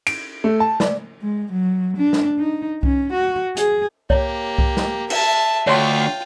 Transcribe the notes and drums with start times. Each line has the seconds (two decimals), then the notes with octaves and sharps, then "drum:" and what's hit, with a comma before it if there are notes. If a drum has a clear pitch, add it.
0.07 D7, drum: cymbal
0.44 A3
0.60 A5
0.80 D5, drum: snare
1.23 G#3
1.52 F#3
1.98 D4
2.13 drum: snare
2.39 D#4
2.83 C#4, drum: kick C2
3.13 F#4
3.57 G#4, drum: hi-hat
4.10 A#3 G4 C#5, drum: kick C2
4.58 drum: kick C2
4.77 drum: snare
5.10 E5 A5, drum: cymbal
5.67 D2 F4 C#5 G5 C6